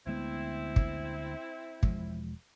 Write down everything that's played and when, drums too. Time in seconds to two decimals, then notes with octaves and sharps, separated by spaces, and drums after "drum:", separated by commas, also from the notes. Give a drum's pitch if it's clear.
0.07 D2 G#3 B3 C4 E4
0.76 drum: kick
1.83 E1 F3 G#3, drum: kick